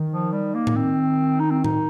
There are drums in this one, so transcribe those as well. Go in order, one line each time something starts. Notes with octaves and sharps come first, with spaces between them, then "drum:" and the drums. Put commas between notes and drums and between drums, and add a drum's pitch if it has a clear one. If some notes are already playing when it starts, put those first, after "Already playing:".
Already playing: D#3
F3
G3
A#3
drum: tom A2
C4
D#4
C4
D#4, drum: tom A2